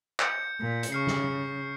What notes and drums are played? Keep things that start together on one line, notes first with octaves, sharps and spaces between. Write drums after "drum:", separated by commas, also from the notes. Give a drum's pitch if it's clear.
G6 C#7, drum: clap
A#2
drum: hi-hat
C#3 C#6 F6 C7
drum: snare